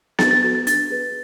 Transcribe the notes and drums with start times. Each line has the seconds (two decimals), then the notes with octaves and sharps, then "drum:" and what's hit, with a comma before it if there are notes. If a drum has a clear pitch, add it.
0.19 D4 A6, drum: snare B3
0.31 A6
0.43 F#4 A4 A6
0.55 A6
0.67 D4 A6, drum: hi-hat
0.90 G#4 B4